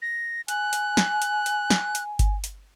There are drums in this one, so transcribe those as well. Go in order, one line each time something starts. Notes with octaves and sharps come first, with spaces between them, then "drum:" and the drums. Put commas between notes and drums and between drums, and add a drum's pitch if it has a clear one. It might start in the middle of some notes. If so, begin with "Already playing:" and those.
A#6
G#5 F#6, drum: hi-hat
drum: hi-hat
drum: snare
drum: hi-hat
drum: hi-hat
drum: snare
drum: hi-hat
drum: kick G1, hi-hat
drum: hi-hat